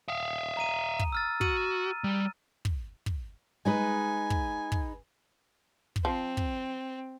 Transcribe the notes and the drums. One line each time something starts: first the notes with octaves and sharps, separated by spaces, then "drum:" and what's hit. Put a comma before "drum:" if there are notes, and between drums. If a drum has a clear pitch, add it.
E5 F5 D#6
A#5 D#7
drum: kick
E6 F6 A6
F#4 D#7, drum: kick
G3
drum: kick
drum: kick
G#3 D#4 B4 G#5
drum: kick
drum: kick
drum: kick
F3 C4
drum: kick